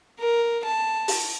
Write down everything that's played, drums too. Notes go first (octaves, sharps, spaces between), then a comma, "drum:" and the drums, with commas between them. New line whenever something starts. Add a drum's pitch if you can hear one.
A#4
A5
drum: open hi-hat